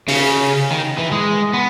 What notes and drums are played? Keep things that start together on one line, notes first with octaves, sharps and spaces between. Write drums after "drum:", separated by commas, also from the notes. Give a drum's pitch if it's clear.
C#3, drum: open hi-hat
D#3
E3
G#3
B3